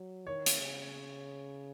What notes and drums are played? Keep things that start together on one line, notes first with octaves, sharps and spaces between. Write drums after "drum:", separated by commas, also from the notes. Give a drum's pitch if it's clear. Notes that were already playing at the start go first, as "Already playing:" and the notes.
Already playing: F#3
D#3 C#5
drum: hi-hat
C#3